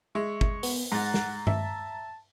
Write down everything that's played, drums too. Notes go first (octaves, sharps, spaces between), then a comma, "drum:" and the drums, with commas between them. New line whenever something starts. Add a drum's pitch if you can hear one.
G#3 E5 C#6
drum: kick
B3, drum: open hi-hat
G#2 F#5 A#5 A6
drum: snare
E5 A5, drum: tom G2